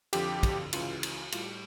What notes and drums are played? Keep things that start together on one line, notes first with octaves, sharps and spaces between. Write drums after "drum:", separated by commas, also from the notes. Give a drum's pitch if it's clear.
F2 D3 F3 G4, drum: cymbal
drum: kick, cymbal
C#2 C#3 E3 F4, drum: cymbal
drum: cymbal
A2 G3 F4, drum: cymbal
G4